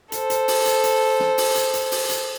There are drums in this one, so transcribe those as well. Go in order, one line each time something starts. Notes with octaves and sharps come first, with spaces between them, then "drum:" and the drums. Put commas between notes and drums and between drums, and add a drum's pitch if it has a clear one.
A4 C5, drum: hi-hat
drum: hi-hat
drum: open hi-hat
drum: hi-hat
drum: hi-hat
drum: snare
drum: open hi-hat
drum: hi-hat
drum: hi-hat
drum: open hi-hat
drum: hi-hat